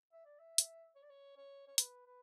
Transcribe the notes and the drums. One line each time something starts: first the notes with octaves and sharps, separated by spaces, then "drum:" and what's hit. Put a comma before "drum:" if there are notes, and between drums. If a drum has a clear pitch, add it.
E5
D5
E5
drum: hi-hat
C#5
D5
C#5
C#5
C#5
B4, drum: hi-hat
B4